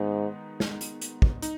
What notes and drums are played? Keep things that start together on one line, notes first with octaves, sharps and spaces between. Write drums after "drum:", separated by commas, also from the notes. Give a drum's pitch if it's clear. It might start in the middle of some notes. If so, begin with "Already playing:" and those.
Already playing: G#2 D#3 G#3 B3 D#4
drum: snare
drum: hi-hat
drum: hi-hat
drum: kick
D#4, drum: hi-hat